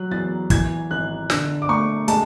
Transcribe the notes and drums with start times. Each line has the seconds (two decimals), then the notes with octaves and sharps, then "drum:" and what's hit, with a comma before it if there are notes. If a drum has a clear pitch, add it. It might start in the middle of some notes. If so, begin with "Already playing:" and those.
Already playing: F#3 F#6
0.11 E2 A6
0.50 E3 G#6, drum: kick, hi-hat
0.91 G#1 F#6
1.30 D3 E6, drum: snare
1.62 D6
1.68 A3 C#6
2.08 G#3 A5, drum: hi-hat